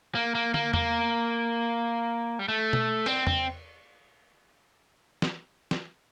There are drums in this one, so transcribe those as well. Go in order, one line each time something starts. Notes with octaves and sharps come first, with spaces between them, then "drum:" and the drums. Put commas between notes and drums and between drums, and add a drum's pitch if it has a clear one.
A#3
A#3
A#3, drum: tom
A#3, drum: tom E2
G3
A3
drum: tom B2
C4, drum: cymbal
C4, drum: tom E2
drum: snare
drum: snare